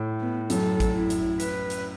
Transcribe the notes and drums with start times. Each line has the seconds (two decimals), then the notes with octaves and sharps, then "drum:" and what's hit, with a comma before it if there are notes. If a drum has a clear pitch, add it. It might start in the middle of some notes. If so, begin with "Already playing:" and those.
Already playing: A2
0.20 B3
0.50 F#2 A4, drum: hi-hat
0.80 drum: kick G#1, hi-hat
0.95 E4
1.10 drum: hi-hat
1.40 B4, drum: hi-hat
1.70 drum: hi-hat